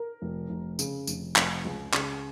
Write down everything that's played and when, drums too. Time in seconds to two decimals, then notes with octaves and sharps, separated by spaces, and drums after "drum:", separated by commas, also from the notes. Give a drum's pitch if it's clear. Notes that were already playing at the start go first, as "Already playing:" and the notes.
Already playing: A#4
0.22 F1
0.50 F1
0.79 C#3, drum: tambourine
1.07 F1, drum: tambourine
1.36 F1, drum: clap
1.65 C#2
1.94 C#3, drum: clap